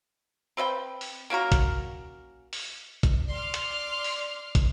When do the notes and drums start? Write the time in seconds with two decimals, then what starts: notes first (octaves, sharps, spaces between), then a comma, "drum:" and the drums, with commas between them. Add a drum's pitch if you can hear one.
0.57 C4 B4 D#5 G5
1.01 drum: open hi-hat
1.30 A#3 C#4 F#4 A#4
1.52 drum: kick, hi-hat
2.53 drum: open hi-hat
3.03 drum: kick, hi-hat
3.29 D5 C6 D6 F6
3.54 drum: hi-hat
4.04 drum: open hi-hat
4.55 drum: kick, hi-hat